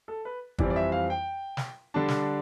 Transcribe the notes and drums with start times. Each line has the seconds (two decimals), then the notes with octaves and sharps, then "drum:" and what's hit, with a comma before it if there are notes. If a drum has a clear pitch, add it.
0.08 A4
0.25 B4
0.58 F2 E3 G3 C4 D5, drum: kick G1
0.70 D5
0.76 E5
0.92 F5
1.10 G5
1.57 drum: snare
1.94 D3 G3 D4 A5
2.08 drum: snare